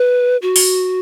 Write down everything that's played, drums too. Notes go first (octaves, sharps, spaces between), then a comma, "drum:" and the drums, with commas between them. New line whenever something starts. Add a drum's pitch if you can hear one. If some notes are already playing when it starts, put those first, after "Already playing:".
Already playing: B4
F#4
drum: open hi-hat